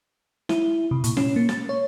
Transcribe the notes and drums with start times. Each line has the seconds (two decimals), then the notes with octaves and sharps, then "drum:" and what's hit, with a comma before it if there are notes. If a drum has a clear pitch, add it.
0.49 E4, drum: snare
0.91 C3
1.04 A#2, drum: hi-hat
1.17 C#4, drum: snare
1.36 A#3
1.49 A6, drum: snare
1.69 C#5